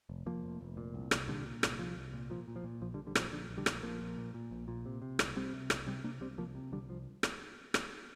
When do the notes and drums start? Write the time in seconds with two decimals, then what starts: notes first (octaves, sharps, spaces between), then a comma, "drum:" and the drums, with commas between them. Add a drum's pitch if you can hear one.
0.09 F1
0.26 F1 F3 A#3
0.44 F1
0.61 F1
0.77 A#2
0.94 C2
1.11 C2, drum: rim click
1.28 A#2 D3 G3
1.45 A#2
1.63 C2, drum: rim click
1.79 C2 F3
1.96 C2
2.13 A#2
2.30 A#2 F3
2.48 A#2
2.56 F3
2.64 A#2
2.81 A#1 F3
2.94 D3 G3
2.98 A#1
3.07 D3 G3
3.15 A#2 F3, drum: rim click
3.32 A#1 D3
3.49 A#1
3.58 D3 G3
3.66 A#2, drum: rim click
3.83 A#1 F3 A#3
4.00 A#2
4.17 A#2
4.34 A#2
4.51 A#1
4.68 A#2
4.86 C3
5.02 C3
5.19 C2, drum: rim click
5.36 C2 G3 C4
5.53 C3
5.70 C2, drum: rim click
5.87 C3 G3 C4
6.04 C3 A#3 D4
6.21 C2 G3 C4
6.38 C2 F3 A#3
6.55 C3
6.72 C2 D3 G3
6.89 C2 F3
7.23 drum: rim click
7.74 drum: rim click